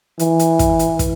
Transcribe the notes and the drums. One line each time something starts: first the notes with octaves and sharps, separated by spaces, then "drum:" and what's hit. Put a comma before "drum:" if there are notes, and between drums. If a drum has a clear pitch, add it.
E3, drum: hi-hat
drum: hi-hat
drum: kick, hi-hat
drum: hi-hat
drum: kick, hi-hat